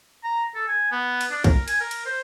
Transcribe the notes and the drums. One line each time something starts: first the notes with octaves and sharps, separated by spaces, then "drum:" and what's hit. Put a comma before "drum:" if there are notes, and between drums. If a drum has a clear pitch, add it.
A#5
A4
G#5
B3
drum: cymbal
D4
A#4, drum: kick, cymbal
G#5, drum: cymbal
A#4
drum: cymbal
C5